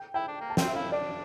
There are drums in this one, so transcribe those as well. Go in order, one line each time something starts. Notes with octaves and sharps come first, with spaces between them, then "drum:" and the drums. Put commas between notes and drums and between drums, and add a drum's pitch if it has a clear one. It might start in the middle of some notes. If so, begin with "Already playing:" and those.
Already playing: G5
E4 G5
D4
A#3
A5
C4 G5, drum: snare
E5
E4 F5
D4 D5